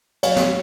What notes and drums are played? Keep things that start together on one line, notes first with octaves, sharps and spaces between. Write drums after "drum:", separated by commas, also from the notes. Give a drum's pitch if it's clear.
F#3 C#5 F5, drum: cymbal
drum: snare